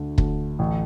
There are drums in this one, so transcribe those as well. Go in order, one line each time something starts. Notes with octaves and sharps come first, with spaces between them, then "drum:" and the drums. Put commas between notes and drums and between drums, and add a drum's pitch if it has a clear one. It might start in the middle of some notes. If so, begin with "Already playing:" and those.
Already playing: D2 D3
D2, drum: kick
A1